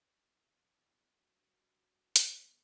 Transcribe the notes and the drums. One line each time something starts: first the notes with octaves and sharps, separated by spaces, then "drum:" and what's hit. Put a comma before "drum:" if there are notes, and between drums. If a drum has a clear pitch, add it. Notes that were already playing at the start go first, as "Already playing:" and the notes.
E2 C#3 F#3 B3 E4
D3 G3 C#4 F#4
F#2 D3 G3 B3, drum: hi-hat